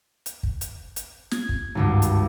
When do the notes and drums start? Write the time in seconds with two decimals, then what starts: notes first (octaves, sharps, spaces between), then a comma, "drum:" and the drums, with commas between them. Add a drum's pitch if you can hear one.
0.26 drum: hi-hat
0.43 drum: kick
0.61 drum: hi-hat
0.96 drum: hi-hat
1.31 G#6, drum: snare
1.49 drum: kick
1.75 G#1 C#2 G2
2.02 drum: hi-hat